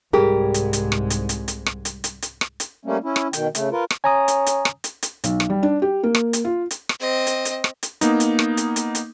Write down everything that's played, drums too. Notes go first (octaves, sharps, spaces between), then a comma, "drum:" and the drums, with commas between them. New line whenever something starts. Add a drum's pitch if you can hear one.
C2 G#2 G3 G#3 G4 G#4 A#4
drum: hi-hat
drum: hi-hat
drum: rim click
drum: hi-hat
drum: hi-hat
drum: hi-hat
drum: rim click
drum: hi-hat
drum: hi-hat
drum: hi-hat
drum: rim click
drum: hi-hat
G3 A3 A#3 C#4
C#4 E4
drum: rim click
B2 D#3 G5, drum: hi-hat
C#3 A3, drum: hi-hat
F4 A#4 B4
drum: rim click
C#4 G#5 A#5 D#6
drum: hi-hat
drum: hi-hat
drum: rim click
drum: hi-hat
drum: hi-hat
B1, drum: hi-hat
drum: rim click
G3
D4
G4
A#3
drum: rim click
drum: hi-hat
F4
drum: hi-hat
drum: rim click
C4 D#5
drum: hi-hat
drum: hi-hat
drum: rim click
drum: hi-hat
A#3 B3 D#4, drum: hi-hat
drum: hi-hat
drum: rim click
drum: hi-hat
drum: hi-hat
drum: hi-hat